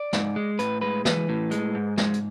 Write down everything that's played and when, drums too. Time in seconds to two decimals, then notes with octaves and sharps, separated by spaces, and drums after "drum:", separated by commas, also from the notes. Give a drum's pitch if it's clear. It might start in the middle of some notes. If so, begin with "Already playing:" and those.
Already playing: D5
0.13 G#2, drum: snare
0.36 G#3
0.59 A2 B4, drum: hi-hat
0.81 G#3 B4
1.05 E3 B4, drum: snare
1.29 A2
1.51 G#3, drum: hi-hat
1.75 G#2
1.98 G#3, drum: snare
2.14 drum: hi-hat